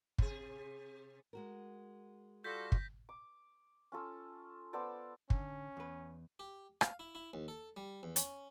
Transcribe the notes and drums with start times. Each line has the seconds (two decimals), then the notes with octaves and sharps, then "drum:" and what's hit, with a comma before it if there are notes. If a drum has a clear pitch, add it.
0.18 C3 G#4, drum: kick
1.33 G#3 F#4 A#4
2.44 G3 F4 F#4 A4 G6 A#6 B6
2.72 drum: kick
3.09 D6
3.92 C#4 F4 A4
4.73 B3 A4 C5 D5
5.30 D3 C#4, drum: kick
5.77 E2 B4
6.39 G4
6.81 F5, drum: rim click
6.99 E4
7.15 E4
7.33 D#2
7.48 A4
7.77 G3
8.03 E2
8.16 C#4, drum: hi-hat